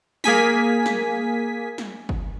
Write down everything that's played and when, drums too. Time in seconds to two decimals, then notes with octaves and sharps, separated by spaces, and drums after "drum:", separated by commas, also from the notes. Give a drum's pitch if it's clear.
0.24 A#3 G#4 G#5 B6, drum: snare
0.86 drum: snare
1.78 drum: snare
2.09 drum: kick G1